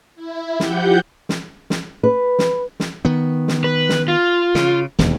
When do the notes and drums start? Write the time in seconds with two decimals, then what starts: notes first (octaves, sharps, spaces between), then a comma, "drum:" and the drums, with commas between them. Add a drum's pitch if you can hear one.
0.15 E4
0.60 F3 G4 F#5 G6, drum: snare
1.29 drum: snare
1.70 drum: snare
2.03 B4
2.39 drum: snare
2.80 drum: snare
3.05 D#3 B3
3.48 drum: snare
3.64 B4
3.89 drum: snare
4.08 F4
4.55 C#3, drum: snare
4.99 E1 D#2, drum: snare